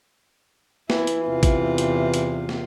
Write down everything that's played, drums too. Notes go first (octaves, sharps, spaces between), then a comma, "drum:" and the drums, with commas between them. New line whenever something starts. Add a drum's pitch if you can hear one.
E3 E4, drum: snare
drum: hi-hat
E2 C3 F4
drum: kick, hi-hat
drum: hi-hat
drum: hi-hat
drum: snare